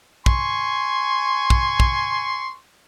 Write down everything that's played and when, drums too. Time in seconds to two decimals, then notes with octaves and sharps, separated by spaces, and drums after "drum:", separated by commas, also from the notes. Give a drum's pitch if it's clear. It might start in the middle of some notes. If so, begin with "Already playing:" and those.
0.26 G#5 C6 C#6, drum: kick
1.50 drum: kick
1.80 drum: kick